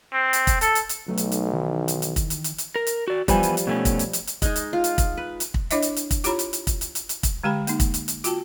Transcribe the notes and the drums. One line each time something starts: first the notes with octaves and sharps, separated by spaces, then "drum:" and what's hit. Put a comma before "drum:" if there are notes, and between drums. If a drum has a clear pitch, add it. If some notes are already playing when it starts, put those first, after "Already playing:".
C4
drum: hi-hat
drum: kick, hi-hat
A4, drum: hi-hat
drum: hi-hat
drum: hi-hat
B1 F#3 A3 D#4
drum: hi-hat
drum: hi-hat
D#3 E3
drum: hi-hat
drum: hi-hat
drum: kick, hi-hat
drum: hi-hat
drum: hi-hat
drum: hi-hat
A#4
drum: hi-hat
F#4 D5
E2 F3 G3 B4 G#5, drum: kick, hi-hat
drum: hi-hat
drum: hi-hat
B2 A3 C#4
drum: kick, hi-hat
drum: hi-hat
drum: hi-hat
drum: hi-hat
G#3 D#4, drum: kick, hi-hat
drum: hi-hat
F4
drum: hi-hat
drum: kick, hi-hat
B4
drum: hi-hat
drum: kick
D4 E4 C#5 D#5 E5, drum: hi-hat
drum: hi-hat
drum: hi-hat
drum: kick, hi-hat
E4 F4 G4 C#5 A#5 B5, drum: hi-hat
drum: hi-hat
drum: hi-hat
drum: kick, hi-hat
drum: hi-hat
drum: hi-hat
drum: hi-hat
drum: kick, hi-hat
D3 G#3 G4 G5 B5
A#3 D#4, drum: hi-hat
drum: kick, hi-hat
drum: hi-hat
drum: hi-hat
F4 F#4 G5 A5, drum: hi-hat